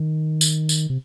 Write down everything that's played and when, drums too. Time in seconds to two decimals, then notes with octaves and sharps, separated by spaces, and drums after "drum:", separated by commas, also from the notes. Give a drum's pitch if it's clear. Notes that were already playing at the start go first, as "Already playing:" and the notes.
Already playing: D#3
0.41 drum: tambourine
0.69 drum: tambourine
0.90 C3